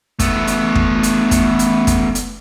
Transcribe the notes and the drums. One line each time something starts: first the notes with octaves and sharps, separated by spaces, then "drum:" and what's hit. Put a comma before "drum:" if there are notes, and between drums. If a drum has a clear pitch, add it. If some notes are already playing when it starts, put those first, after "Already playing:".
A3 B3, drum: kick, hi-hat
drum: hi-hat
drum: kick
drum: hi-hat
drum: kick, hi-hat
drum: hi-hat
drum: kick, hi-hat
drum: hi-hat